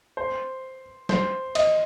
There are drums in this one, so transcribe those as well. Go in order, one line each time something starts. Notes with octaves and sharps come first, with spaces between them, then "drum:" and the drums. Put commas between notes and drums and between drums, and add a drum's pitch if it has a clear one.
C5
C5, drum: snare
D#5, drum: cymbal